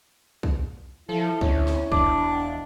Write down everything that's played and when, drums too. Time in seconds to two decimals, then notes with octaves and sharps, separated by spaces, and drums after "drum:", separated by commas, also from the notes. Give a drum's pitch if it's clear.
0.43 drum: kick
1.09 F3 E4 A4
1.41 D2 C#4, drum: kick
1.67 drum: snare
1.92 E1 D4 D6, drum: kick